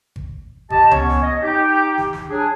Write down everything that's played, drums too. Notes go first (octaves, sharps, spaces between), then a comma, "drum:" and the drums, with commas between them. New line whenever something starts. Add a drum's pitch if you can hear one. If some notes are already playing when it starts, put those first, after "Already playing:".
drum: kick G#1
G4 D#5 A5, drum: kick G#1
B3 C#4 C#5, drum: tom C#2
drum: snare
D#5
D#4 G4
drum: snare
drum: snare
F#3 D4 G#4